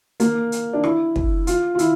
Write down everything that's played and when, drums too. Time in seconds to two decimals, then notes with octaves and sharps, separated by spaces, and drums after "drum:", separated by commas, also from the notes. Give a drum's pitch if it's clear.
0.20 A#3, drum: hi-hat
0.52 drum: hi-hat
0.73 D4
0.84 E4, drum: rim click
1.16 drum: kick
1.47 F4, drum: hi-hat
1.75 F4
1.79 E4, drum: hi-hat